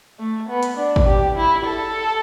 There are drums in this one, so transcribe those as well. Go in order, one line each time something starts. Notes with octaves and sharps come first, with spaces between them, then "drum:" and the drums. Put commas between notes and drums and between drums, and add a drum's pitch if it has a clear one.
A3
B3
drum: hi-hat
D4
drum: kick
G4
E4
A4